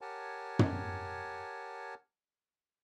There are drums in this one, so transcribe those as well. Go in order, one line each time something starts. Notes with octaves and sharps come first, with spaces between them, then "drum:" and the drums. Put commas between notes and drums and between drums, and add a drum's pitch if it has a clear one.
G4 A#4 C#5 F#5 G#5 A5
drum: tom